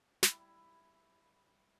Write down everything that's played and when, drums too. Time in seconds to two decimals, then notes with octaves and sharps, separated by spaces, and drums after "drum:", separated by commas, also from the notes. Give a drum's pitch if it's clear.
0.23 G3 E4, drum: snare